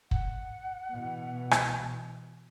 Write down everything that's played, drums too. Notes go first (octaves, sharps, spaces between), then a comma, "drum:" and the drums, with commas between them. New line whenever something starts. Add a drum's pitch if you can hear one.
F#5, drum: kick
B2 E3
drum: rim click